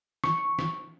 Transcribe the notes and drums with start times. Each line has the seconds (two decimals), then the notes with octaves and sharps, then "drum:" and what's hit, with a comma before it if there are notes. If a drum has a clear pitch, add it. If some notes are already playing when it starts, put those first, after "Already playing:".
0.24 C#6, drum: snare
0.59 drum: snare